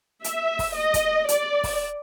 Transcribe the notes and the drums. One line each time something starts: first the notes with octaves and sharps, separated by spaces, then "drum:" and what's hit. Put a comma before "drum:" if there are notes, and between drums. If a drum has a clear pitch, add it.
E5, drum: hi-hat
drum: kick, open hi-hat
D#5
drum: kick, hi-hat
D5, drum: hi-hat
drum: kick, open hi-hat